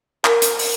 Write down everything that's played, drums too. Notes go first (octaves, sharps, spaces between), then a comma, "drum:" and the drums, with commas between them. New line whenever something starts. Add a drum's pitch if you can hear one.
A#4, drum: clap
drum: hi-hat
drum: open hi-hat